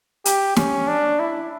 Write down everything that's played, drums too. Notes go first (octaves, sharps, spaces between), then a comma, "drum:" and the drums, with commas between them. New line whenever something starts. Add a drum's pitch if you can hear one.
G4, drum: hi-hat
C#4, drum: snare
D4
E4